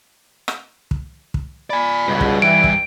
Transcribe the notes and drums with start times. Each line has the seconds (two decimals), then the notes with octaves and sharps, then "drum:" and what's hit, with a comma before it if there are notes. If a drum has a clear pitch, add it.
0.48 drum: rim click
0.91 drum: kick
1.34 drum: kick
1.70 D5 G#5 B5
2.08 C#2 G2 B2
2.21 drum: kick
2.42 E3 G5 D7
2.64 drum: kick